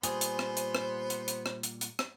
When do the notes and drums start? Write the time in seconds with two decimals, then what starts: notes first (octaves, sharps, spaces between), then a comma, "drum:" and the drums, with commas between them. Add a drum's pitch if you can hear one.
0.03 A#2 G3 B3 G#4 C5 C6, drum: hi-hat
0.21 drum: hi-hat
0.39 drum: rim click
0.57 drum: hi-hat
0.75 drum: rim click
1.10 drum: hi-hat
1.28 drum: hi-hat
1.46 drum: rim click
1.63 drum: hi-hat
1.81 drum: hi-hat
1.99 drum: rim click